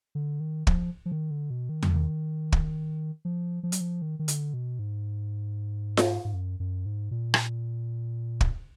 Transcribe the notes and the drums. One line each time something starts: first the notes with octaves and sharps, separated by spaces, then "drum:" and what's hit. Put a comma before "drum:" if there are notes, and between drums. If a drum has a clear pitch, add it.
D3
D#3
F3, drum: kick
F3
D#3
D3
B2
D#3
D3, drum: tom E2
D#3
drum: kick
F3
F3
F#3, drum: hi-hat
F3
D#3
D#3
D3, drum: hi-hat
B2
G#2
drum: snare F4
G#2
F#2
F#2
G#2
A#2
drum: rim click
drum: kick